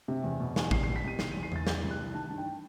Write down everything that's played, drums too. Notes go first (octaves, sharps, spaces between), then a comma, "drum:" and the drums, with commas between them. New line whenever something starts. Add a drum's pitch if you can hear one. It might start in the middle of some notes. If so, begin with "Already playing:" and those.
C3
E2
B2
E2, drum: snare
C2 C7, drum: kick
C7
B2
B6
C2 D#7
D#3 C7, drum: snare
D#7
E2
C7
E2 A6, drum: tom E2
E3 G6, drum: snare
C2
F#6
E3
D#3 A5
G2
G5